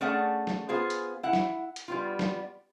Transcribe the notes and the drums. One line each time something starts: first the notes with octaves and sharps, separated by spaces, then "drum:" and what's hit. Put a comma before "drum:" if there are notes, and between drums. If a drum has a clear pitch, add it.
A3 C#4 G#4 D5 F#5 A5
drum: snare
B3 F4 G#4 C5
drum: hi-hat
E4 F#5
drum: snare
drum: hi-hat
G3 B3 F4
drum: snare